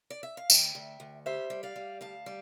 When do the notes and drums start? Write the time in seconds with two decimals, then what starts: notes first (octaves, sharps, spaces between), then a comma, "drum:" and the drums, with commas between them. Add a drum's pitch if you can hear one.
0.10 D5
0.23 E5
0.37 F5
0.50 D2 E5 G5, drum: tambourine
0.75 D2
1.00 D2
1.26 G3 C5 E5
1.50 G3
1.63 D5 F5
1.76 G3
2.01 D2 F5 A5
2.26 G3